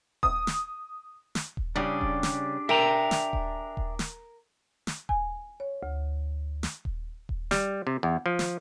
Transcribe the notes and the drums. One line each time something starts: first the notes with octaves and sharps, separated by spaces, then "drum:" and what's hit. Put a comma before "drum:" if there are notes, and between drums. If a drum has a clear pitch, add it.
D#6, drum: kick D#1
drum: snare
drum: snare
drum: kick D#1
C#3 G3 D4 G4 G#4
drum: kick D#1
drum: snare
A#4 E5 G5 A#5
drum: snare
drum: kick D#1
drum: kick D#1
drum: snare
drum: snare
G#5, drum: kick D#1
C#5
D2
drum: snare
drum: kick D#1
drum: kick D#1
G3, drum: snare
C3
E2
F3
drum: snare